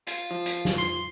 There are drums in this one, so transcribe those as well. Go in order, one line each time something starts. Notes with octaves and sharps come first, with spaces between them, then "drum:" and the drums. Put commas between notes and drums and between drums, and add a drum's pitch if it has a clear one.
F4, drum: hi-hat
F3
drum: hi-hat
drum: snare
C6